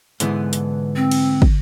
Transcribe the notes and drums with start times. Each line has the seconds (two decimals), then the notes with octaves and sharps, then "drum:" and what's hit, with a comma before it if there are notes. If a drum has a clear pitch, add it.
0.20 G#2 D3 E3 B3, drum: hi-hat
0.53 drum: hi-hat
0.96 C4
1.11 drum: cymbal
1.42 drum: kick